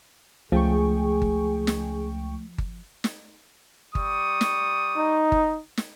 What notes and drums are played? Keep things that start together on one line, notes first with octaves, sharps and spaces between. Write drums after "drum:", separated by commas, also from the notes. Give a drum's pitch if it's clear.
C#2 F3 A3 G#4 G5 C#6
drum: kick G1
drum: snare
drum: kick G1
drum: snare
G3 C#6 D#6, drum: kick G1
drum: snare
D#4
drum: kick G1
drum: snare